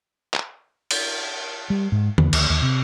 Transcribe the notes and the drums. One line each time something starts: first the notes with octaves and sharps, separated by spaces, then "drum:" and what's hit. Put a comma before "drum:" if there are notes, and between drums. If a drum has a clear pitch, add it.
drum: clap
drum: cymbal
G3
G#2
E2, drum: tom D3
D2, drum: cymbal
D#2
C3